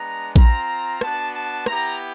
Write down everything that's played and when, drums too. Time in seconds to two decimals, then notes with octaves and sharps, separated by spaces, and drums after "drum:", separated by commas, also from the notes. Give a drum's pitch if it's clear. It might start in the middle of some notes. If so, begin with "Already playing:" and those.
Already playing: G#3 B3 D4 A#5
0.36 C4 F4 A#5, drum: kick A#1
1.01 B3 D4 F#4 A5, drum: rim click
1.33 A5
1.66 B3 E4 G4 A#5, drum: rim click